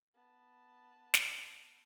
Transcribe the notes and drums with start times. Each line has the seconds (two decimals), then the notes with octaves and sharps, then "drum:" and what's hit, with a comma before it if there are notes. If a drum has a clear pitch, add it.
0.15 B3 A5
1.14 drum: snare